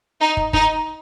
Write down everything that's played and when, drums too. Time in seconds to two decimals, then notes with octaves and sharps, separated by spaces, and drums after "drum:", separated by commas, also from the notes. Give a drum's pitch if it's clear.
0.21 D#4
0.37 drum: kick
0.53 D#4, drum: kick